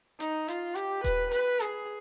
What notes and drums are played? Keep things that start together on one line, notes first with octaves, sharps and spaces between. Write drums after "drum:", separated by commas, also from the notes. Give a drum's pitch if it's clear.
D#4, drum: hi-hat
F4, drum: hi-hat
G4, drum: hi-hat
B4, drum: kick D#1, hi-hat
B4, drum: hi-hat
G#4, drum: hi-hat